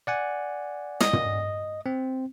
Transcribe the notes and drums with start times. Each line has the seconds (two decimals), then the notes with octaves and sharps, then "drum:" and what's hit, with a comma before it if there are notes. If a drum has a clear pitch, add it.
0.07 D5 F#5 G#5
1.01 D#5, drum: snare
1.13 drum: tom
1.86 C4